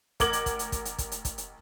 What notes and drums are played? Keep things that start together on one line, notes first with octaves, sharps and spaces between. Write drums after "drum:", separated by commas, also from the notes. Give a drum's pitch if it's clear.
A1 A#4 F#5 D6 G#6 F#7, drum: kick, hi-hat
drum: hi-hat
drum: kick, hi-hat
drum: hi-hat
drum: kick, hi-hat
drum: hi-hat
drum: kick, hi-hat
drum: hi-hat
drum: kick, hi-hat
drum: hi-hat